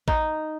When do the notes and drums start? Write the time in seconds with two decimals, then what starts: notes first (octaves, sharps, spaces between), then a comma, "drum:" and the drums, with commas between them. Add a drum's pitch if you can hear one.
0.08 D#4, drum: kick